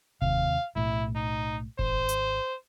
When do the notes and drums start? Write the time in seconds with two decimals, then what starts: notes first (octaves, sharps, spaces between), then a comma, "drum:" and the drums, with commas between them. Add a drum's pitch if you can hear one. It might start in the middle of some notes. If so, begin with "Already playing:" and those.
0.22 D#2 C3 F5, drum: kick F1
0.76 B1 A2 E4
1.15 D#4
1.79 G#1 C5, drum: kick F1
2.09 drum: hi-hat